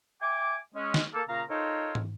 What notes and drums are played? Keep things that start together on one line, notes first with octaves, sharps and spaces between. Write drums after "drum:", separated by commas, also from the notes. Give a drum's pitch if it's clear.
E5 G5 G#5 D6
G#3 C#4
drum: snare
A#3 A4
A#2 C#3 F5 A#5
D#4 F4 A4 A#4 C5 C#5
drum: tom